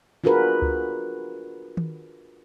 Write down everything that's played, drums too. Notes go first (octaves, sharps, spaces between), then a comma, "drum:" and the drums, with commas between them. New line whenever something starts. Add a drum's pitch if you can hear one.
D4 F4 F#4 G#4 A#4 B4
drum: kick C#2
drum: tom D#3